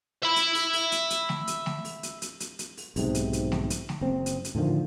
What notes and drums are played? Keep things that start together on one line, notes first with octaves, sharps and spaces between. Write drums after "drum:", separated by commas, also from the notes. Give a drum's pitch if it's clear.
E5 B5
drum: hi-hat
drum: open hi-hat
drum: open hi-hat
drum: hi-hat
drum: hi-hat
drum: snare
drum: hi-hat
drum: snare
drum: open hi-hat
drum: hi-hat
drum: hi-hat
drum: hi-hat
drum: hi-hat
drum: open hi-hat
B1 G#2 C3, drum: open hi-hat
drum: hi-hat
drum: hi-hat
drum: snare
drum: hi-hat
drum: snare
F#1 C4
drum: hi-hat
drum: hi-hat
A2 D3 D#3 F3